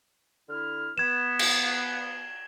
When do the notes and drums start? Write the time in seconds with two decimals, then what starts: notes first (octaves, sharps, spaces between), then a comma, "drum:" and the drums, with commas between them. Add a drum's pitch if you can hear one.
0.49 D3 E4 F6
0.98 B3 G#6 E7
1.39 drum: cymbal